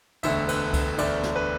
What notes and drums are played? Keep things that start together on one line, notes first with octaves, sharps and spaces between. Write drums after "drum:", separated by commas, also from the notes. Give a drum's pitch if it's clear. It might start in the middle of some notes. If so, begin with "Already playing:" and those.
E1 D2 D3 A3 E5, drum: cymbal
B4, drum: cymbal
drum: kick C#2, cymbal
E1 D2 D3 A3 D5, drum: cymbal
drum: snare
B4